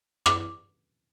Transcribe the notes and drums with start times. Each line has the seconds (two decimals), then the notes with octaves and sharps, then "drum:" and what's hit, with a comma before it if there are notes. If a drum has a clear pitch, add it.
0.26 D6, drum: rim click